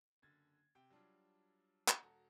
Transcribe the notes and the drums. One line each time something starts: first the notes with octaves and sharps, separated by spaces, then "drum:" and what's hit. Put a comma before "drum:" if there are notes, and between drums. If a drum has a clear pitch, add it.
F#1 D3 G#6 A6
C3 G5
F#3 G3 D4 F4
drum: clap
E1 F#4 A4 A#5